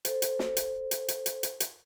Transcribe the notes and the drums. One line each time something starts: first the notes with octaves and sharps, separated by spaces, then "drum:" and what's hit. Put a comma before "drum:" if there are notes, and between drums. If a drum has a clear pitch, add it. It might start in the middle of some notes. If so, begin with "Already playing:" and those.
A4 C5, drum: hi-hat
drum: hi-hat
drum: snare
drum: hi-hat
drum: hi-hat
drum: hi-hat
drum: hi-hat
drum: hi-hat
drum: hi-hat